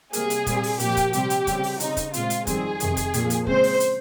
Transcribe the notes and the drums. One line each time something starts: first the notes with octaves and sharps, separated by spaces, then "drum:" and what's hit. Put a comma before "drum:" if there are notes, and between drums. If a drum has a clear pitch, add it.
C3 G3 A#3 G#4, drum: hi-hat
drum: hi-hat
A#2 G3 C4, drum: kick, hi-hat
drum: open hi-hat
A#2 F3 A#3 G4, drum: hi-hat
drum: kick, hi-hat
C3 G3 C4 G4, drum: hi-hat
drum: hi-hat
C#3 G3 C4, drum: kick, hi-hat
drum: open hi-hat
C#3 G3 C4 D#4, drum: hi-hat
drum: kick, hi-hat
A#2 G#3 C4 F4, drum: hi-hat
drum: hi-hat
F2 D#3 G3 C4 G#4, drum: kick, hi-hat
F2 C3 D#3, drum: hi-hat
drum: kick, hi-hat
A#2 F3 A#3, drum: hi-hat
drum: hi-hat
C#3 G#3 C4 C5, drum: kick
drum: open hi-hat
drum: hi-hat